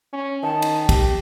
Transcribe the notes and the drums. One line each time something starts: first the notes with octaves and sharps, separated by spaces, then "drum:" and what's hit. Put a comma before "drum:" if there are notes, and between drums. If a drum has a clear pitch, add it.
C#4
D#3 A5
drum: cymbal
G4, drum: kick, cymbal